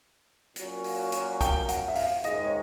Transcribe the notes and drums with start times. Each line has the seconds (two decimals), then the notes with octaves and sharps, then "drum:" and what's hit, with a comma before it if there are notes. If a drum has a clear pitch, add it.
0.56 A#2 F#3 A#3 C#4 F#4, drum: hi-hat
0.84 drum: open hi-hat
1.12 drum: hi-hat
1.41 G5, drum: kick, hi-hat
1.69 F#5, drum: hi-hat
1.88 E5
1.95 F5, drum: open hi-hat
2.24 G#2 D#3 G#3 D#5, drum: hi-hat
2.46 C#5